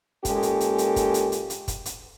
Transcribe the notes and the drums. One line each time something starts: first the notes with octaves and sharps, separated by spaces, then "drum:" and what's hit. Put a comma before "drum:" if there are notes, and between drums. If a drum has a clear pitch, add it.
A#2 G#3 A#3 C#4 G4 A4, drum: kick, hi-hat
drum: hi-hat
drum: hi-hat
drum: hi-hat
drum: kick, hi-hat
drum: hi-hat
drum: hi-hat
drum: hi-hat
drum: kick, hi-hat
drum: hi-hat